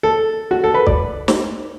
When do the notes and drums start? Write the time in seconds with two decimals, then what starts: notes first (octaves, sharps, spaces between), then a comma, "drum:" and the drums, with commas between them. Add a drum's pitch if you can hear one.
0.03 A4
0.51 F#4
0.64 A4
0.74 B4
0.87 D5, drum: kick
1.28 drum: snare